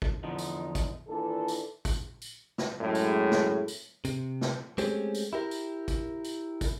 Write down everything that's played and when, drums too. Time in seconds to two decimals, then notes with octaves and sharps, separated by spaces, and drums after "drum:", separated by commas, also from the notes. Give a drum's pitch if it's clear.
0.02 drum: kick
0.23 E2 D3 F3 D#4
0.38 drum: tambourine
0.75 drum: kick, tambourine
1.08 A#2 D#3 E3 D4 A4
1.48 drum: tambourine
1.85 drum: kick, tambourine
2.22 drum: tambourine
2.58 drum: snare
2.80 F#2 A2 G#3
2.95 drum: tambourine
3.32 drum: snare
3.68 drum: tambourine
4.05 C3, drum: tambourine
4.41 drum: snare
4.78 G#3 A3 C4 C#4 G4 G#4, drum: tambourine
5.15 drum: tambourine
5.33 E4 G4 A#4
5.51 drum: tambourine
5.88 drum: kick, tambourine
6.25 drum: tambourine
6.61 drum: kick, tambourine